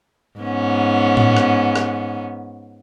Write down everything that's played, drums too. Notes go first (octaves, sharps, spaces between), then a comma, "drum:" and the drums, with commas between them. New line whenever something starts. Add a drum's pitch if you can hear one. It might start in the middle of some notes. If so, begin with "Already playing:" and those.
G#2 B3 C#4
drum: tom A2
drum: rim click
drum: rim click